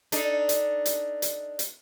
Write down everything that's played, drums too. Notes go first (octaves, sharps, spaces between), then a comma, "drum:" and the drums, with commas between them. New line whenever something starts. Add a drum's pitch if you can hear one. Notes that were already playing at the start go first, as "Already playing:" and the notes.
D4 D#4 A4, drum: hi-hat
drum: hi-hat
drum: hi-hat
drum: hi-hat
drum: hi-hat